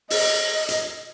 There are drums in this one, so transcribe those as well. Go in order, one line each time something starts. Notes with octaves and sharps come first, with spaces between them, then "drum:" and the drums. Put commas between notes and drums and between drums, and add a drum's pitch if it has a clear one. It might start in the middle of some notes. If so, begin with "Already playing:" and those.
D#5, drum: open hi-hat
drum: hi-hat